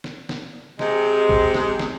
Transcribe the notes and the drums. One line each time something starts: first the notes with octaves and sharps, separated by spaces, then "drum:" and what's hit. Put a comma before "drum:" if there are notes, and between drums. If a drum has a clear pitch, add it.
drum: snare
drum: snare
C3 G#3, drum: snare
drum: kick
drum: snare
drum: snare